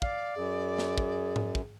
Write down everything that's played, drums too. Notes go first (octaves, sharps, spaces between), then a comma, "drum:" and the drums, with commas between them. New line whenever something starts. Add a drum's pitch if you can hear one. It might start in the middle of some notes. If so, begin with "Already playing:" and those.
D5 F5, drum: kick
F#2 G#4
drum: snare
drum: kick
drum: tom G#2
drum: kick